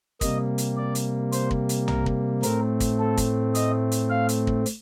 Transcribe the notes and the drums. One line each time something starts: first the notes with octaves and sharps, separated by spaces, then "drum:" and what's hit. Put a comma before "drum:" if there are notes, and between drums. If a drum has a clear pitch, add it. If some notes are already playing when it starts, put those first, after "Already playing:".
C3 G3 A#3 D#5, drum: kick, hi-hat
drum: hi-hat
D5
drum: hi-hat
C5, drum: hi-hat
drum: kick
drum: hi-hat
A#4, drum: tom B1
drum: kick
A2 A3 C4 A#4, drum: hi-hat
drum: kick, hi-hat
A4
drum: kick, hi-hat
D#5, drum: hi-hat
drum: hi-hat
F5
drum: hi-hat
drum: kick
drum: hi-hat